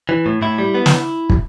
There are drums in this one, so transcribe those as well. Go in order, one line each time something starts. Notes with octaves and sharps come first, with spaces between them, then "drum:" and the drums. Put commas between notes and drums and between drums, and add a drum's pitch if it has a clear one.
E3
A2
A2 E4
G3
B3
drum: snare
drum: kick